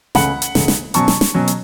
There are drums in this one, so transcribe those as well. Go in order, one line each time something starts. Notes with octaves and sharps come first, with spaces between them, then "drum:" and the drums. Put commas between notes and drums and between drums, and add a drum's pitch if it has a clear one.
C#2 C#3 A3 C#4 F#5 B5, drum: snare
drum: hi-hat
C#2 C#3 A3 C#4, drum: snare
drum: snare
B2 F#3 C#4 A5 C#6, drum: hi-hat
drum: snare
drum: snare
B2 F#3 C#4
drum: hi-hat